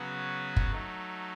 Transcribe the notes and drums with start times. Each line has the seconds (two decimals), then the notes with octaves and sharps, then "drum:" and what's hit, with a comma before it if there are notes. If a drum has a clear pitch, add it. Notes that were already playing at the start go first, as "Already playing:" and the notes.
Already playing: C#3 F#3 B3 F#4 B4
0.56 drum: kick
0.71 F#3 A3 D#4